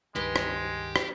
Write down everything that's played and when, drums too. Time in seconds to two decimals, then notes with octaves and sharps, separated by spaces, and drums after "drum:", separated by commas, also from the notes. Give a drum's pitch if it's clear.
0.16 C#2 G2 D#3 G#3 G4 B4
0.36 drum: rim click
0.96 drum: rim click